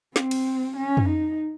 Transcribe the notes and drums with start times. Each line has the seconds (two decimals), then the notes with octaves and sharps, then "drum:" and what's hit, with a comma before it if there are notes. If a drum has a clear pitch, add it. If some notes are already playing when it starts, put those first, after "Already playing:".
0.16 C4, drum: snare
0.31 drum: cymbal
0.77 C#4
0.97 drum: tom
1.09 D#4